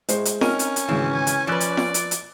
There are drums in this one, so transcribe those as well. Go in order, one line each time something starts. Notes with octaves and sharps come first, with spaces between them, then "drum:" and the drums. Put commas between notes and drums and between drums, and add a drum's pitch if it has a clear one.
A2 G#3 C5, drum: hi-hat
drum: hi-hat
C4 C#4 D#4 A#4 D#7, drum: snare
drum: hi-hat
drum: hi-hat
G#1 C#3 E3 C4
G#5
drum: hi-hat
F3 B4 D5 E6 F#6
drum: hi-hat
drum: snare
drum: hi-hat
drum: hi-hat